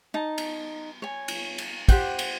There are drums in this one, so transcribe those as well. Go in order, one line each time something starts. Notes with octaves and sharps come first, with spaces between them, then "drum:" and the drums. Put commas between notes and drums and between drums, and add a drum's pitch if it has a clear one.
D#4 A5
drum: cymbal
C#5 G#5
drum: cymbal
drum: cymbal
G4 C5 F#5 G5, drum: kick, cymbal
drum: cymbal